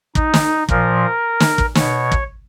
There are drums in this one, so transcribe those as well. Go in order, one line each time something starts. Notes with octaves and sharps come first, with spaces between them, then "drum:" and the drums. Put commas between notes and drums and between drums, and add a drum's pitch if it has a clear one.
D#4, drum: kick
drum: snare
A#2 F3 A#4, drum: kick
drum: snare
drum: kick
B2 C#5, drum: snare
drum: kick